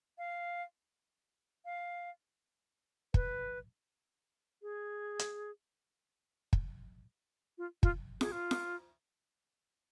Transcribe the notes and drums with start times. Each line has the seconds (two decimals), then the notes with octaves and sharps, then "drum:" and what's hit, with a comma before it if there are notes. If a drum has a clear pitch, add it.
0.18 F5
1.65 F5
3.14 B4, drum: kick
4.62 G#4
5.19 drum: hi-hat
6.53 drum: kick
7.58 F4
7.83 F4, drum: kick
8.21 G#4, drum: snare F4
8.32 F4
8.51 drum: snare F4